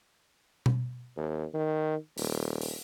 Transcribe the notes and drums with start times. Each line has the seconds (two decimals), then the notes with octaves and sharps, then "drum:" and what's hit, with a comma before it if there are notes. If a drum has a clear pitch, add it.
0.66 drum: tom B2
1.17 D#2
1.54 D#3
2.18 D#1, drum: open hi-hat
2.62 drum: open hi-hat